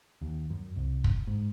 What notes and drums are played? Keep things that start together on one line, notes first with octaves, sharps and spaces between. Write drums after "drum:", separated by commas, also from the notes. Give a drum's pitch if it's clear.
D#2
F#2
C2
drum: kick
G#2